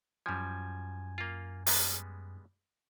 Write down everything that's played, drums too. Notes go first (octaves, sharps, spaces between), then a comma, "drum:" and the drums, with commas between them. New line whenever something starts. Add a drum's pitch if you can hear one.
F#2 F3 G3 G#5 G#6
A#3 F4
G3 G#3 B3, drum: open hi-hat